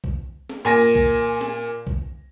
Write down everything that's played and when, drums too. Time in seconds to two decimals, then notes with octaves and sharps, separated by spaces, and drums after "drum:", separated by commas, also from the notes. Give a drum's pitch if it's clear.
0.04 drum: kick
0.50 drum: snare
0.65 A#2 G#5 A#6
0.95 drum: kick
1.41 drum: snare
1.87 drum: kick